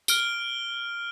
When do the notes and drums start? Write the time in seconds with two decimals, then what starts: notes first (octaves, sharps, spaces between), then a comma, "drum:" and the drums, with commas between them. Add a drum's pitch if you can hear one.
0.08 F6 D7 G7, drum: tambourine